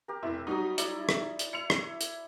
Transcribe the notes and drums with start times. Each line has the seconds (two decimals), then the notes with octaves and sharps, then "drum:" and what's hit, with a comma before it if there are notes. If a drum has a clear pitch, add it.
0.08 G4 A#4
0.23 F1 E4
0.47 F#3 G3 D#4 D#6
0.78 E4 D5, drum: hi-hat
1.09 drum: rim click
1.39 drum: hi-hat
1.53 E4 C#7 F7
1.70 drum: rim click
2.01 drum: hi-hat